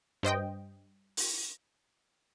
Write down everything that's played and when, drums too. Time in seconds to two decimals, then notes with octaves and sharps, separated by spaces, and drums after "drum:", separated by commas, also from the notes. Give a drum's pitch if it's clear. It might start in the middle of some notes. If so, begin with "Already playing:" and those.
0.23 G2 C5 D#5 G5
1.17 drum: open hi-hat